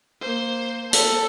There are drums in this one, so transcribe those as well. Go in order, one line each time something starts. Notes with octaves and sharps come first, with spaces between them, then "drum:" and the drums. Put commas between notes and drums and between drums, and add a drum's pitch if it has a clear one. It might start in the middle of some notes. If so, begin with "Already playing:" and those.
A#3 C5
A4, drum: hi-hat